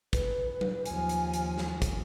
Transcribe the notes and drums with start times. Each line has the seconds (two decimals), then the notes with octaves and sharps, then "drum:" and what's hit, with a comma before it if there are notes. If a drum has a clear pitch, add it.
0.13 B4, drum: kick, hi-hat
0.61 drum: tom F#3
0.86 D#2 F3 G#5, drum: hi-hat
1.09 drum: hi-hat
1.34 drum: hi-hat
1.58 drum: snare
1.82 drum: kick, hi-hat